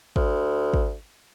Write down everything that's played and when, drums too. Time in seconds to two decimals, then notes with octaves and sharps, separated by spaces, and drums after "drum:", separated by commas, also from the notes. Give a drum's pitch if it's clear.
0.16 D2, drum: kick
0.74 drum: kick